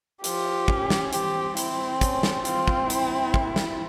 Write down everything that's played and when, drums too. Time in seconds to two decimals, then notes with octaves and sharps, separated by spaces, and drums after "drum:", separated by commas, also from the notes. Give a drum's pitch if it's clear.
0.24 F3 G4, drum: hi-hat
0.68 C#4, drum: kick
0.90 drum: snare
1.13 C4 G4, drum: hi-hat
1.57 C4 E4, drum: hi-hat
2.01 C#4, drum: kick, hi-hat
2.23 drum: snare
2.45 C4 F4, drum: hi-hat
2.68 drum: kick
2.90 E4, drum: hi-hat
3.34 drum: kick
3.56 drum: snare